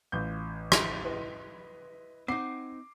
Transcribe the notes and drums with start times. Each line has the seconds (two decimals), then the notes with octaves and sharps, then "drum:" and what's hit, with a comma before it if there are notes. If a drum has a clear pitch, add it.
0.12 A1 F4 G6
0.72 drum: rim click
1.03 E4 B4 D#5
2.28 C4 D#4 F#5 D6 C7